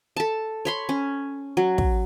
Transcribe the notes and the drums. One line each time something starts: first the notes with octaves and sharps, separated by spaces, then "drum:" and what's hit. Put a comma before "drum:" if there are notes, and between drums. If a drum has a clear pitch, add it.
A4 A5
C#5 B5 C6
C#4
F#3
drum: kick